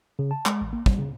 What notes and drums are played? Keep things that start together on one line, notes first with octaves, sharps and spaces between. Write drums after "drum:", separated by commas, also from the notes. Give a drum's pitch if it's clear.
C#3
A5
G#3, drum: clap
A1
A#3
G3, drum: kick
C#3